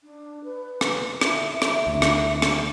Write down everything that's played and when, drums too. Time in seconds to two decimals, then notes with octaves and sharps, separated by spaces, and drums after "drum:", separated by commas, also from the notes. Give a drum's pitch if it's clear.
0.04 D4
0.44 B4
0.81 drum: rim click
1.21 E5, drum: rim click
1.62 drum: rim click
1.87 D2
2.02 drum: rim click
2.42 drum: rim click